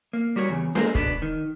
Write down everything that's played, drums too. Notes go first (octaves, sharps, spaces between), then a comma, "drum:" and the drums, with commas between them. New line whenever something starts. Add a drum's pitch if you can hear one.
A#3
G3 F#4 A#4 C#5
E2 C#3
G#3 A#3 C5, drum: snare
B2 B3 D4, drum: kick
D#3